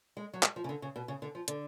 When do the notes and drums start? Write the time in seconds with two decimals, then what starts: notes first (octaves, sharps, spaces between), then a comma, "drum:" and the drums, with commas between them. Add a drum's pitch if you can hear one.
0.17 G#3
0.33 F#3
0.43 G#3, drum: clap
0.56 F3
0.64 C#3
0.69 D3
0.82 C#3
0.96 B2
1.08 C#3
1.22 D3
1.35 F3
1.48 D3, drum: hi-hat